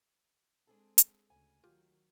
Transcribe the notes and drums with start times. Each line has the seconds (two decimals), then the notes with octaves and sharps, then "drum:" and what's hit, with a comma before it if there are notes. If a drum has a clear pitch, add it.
0.67 G#3 C4 D4 G#4 A4
0.98 drum: hi-hat
1.30 D2 C#3 G#5
1.64 D#3 F#3 F4 G4